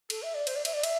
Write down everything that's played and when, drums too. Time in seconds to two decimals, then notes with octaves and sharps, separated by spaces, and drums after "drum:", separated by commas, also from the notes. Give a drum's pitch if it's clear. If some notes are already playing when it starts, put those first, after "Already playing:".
0.10 A4, drum: cymbal
0.22 E5
0.34 D5
0.47 C5, drum: cymbal
0.56 D5
0.65 E5, drum: cymbal
0.73 D5
0.83 E5, drum: cymbal